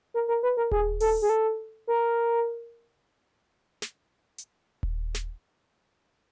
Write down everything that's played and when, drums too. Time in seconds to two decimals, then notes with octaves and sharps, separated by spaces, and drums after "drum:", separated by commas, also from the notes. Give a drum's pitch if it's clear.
0.14 A#4
0.28 A#4
0.43 B4
0.57 A#4
0.71 G#4, drum: kick D#1
1.00 A4, drum: open hi-hat
1.22 G#4
1.29 A4
1.87 A#4
3.82 drum: snare
4.38 drum: hi-hat
4.83 drum: kick D#1
5.15 drum: snare